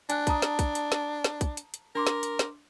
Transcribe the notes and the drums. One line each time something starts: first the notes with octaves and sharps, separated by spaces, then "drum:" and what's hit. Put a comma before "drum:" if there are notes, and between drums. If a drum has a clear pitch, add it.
D4 G#5 F#6, drum: hi-hat
A5 A#5 D#6, drum: kick, hi-hat
drum: snare
drum: kick, hi-hat
drum: hi-hat
drum: snare
drum: snare
drum: kick, hi-hat
drum: hi-hat
drum: hi-hat
D4 A#4 C6 D6
drum: snare
drum: hi-hat
drum: snare